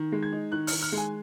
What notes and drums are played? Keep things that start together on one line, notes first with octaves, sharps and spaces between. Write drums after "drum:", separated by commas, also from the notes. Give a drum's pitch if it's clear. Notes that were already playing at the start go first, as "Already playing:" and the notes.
Already playing: D#3
G#3
G#6
D#4
D#3 F#6
F6, drum: open hi-hat
D#3
F6
G#3
G#5